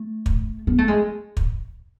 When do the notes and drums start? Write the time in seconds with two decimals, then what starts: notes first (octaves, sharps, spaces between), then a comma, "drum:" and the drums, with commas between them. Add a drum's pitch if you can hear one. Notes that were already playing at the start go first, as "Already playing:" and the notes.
Already playing: A3
0.26 drum: kick
0.67 B3
0.78 A3
0.88 G#3
1.37 drum: kick